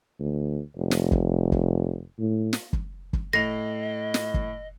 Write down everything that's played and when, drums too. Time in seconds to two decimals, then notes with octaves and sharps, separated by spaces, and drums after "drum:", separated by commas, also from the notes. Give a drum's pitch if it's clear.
0.20 D2
0.77 F1
0.91 drum: snare
1.11 drum: kick
1.52 drum: kick
2.19 A2
2.53 drum: snare
2.73 drum: kick
3.13 drum: kick
3.33 A2 D#5 A#6 C7 F7
4.14 drum: snare
4.34 drum: kick